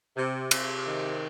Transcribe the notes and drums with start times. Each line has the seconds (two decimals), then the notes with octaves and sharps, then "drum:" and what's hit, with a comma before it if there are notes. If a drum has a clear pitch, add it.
0.16 C3
0.51 C3, drum: cymbal
0.87 D#3